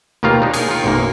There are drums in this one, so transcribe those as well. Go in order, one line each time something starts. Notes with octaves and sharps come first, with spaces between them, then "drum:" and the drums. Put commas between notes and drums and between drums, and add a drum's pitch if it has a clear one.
D#2 B2 D#3 A#3 F4 F5
D4 D#4
G#4, drum: cymbal
D#3 F4
B1 F#2 A#3